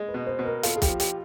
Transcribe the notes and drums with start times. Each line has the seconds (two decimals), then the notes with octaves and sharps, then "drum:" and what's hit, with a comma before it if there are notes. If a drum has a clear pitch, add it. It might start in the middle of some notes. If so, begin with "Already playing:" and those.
Already playing: G#3
0.09 B4
0.14 B2
0.26 C5
0.39 B2
0.45 A#4
0.63 F4 A4, drum: hi-hat
0.76 G#4
0.82 G4, drum: kick, hi-hat
0.88 F3
1.00 G4, drum: hi-hat